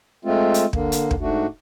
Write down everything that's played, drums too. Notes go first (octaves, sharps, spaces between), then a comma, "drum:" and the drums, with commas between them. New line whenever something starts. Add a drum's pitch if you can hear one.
G#3 A3 C4 F4
drum: hi-hat
D3 A#3, drum: kick
drum: hi-hat
drum: kick
G#2 A3 D4 F#4